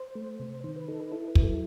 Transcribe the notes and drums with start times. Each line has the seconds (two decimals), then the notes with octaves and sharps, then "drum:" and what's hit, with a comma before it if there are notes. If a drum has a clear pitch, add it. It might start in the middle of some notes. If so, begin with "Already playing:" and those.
Already playing: C5
0.15 A3
0.39 C3
0.64 D#3 C5
0.76 B4
0.88 D#4 A4
1.00 B4
1.12 E4 A4
1.28 B4
1.35 F#3, drum: kick
1.43 A4